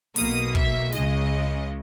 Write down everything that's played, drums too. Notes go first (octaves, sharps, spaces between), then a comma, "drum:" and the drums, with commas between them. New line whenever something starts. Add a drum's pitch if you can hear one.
B1 B2 A#3 D#6, drum: open hi-hat
E5, drum: kick
C#2 C#3 G#3 D#5, drum: snare